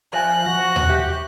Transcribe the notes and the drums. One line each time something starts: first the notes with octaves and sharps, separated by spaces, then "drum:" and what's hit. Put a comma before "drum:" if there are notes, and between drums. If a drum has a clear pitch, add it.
F3 D5 E5 G#5 F#6
F#4 A#6
drum: tom D#2
G4 E5